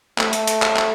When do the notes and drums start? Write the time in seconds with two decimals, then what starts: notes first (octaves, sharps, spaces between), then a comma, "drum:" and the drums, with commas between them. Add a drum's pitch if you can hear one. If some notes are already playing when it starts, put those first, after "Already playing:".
0.18 A3, drum: clap
0.33 drum: hi-hat
0.47 drum: hi-hat
0.62 drum: clap
0.77 drum: clap